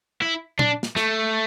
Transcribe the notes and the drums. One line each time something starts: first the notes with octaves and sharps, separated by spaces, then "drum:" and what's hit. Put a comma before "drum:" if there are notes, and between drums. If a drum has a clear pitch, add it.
E4
D4, drum: tom A#2
drum: snare
A3, drum: snare